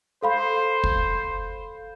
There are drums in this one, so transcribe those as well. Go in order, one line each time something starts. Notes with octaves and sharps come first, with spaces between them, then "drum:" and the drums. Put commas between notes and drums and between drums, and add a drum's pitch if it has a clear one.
A4 C5 F5 B5
drum: kick